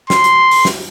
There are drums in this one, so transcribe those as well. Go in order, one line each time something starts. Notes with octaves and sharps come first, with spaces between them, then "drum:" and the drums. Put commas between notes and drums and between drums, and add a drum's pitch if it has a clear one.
C6, drum: snare
drum: hi-hat
drum: open hi-hat
drum: snare